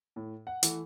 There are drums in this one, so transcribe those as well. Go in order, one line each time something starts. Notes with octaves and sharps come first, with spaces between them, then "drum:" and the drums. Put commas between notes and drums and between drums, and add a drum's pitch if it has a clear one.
A2
F#5
E3 A3, drum: hi-hat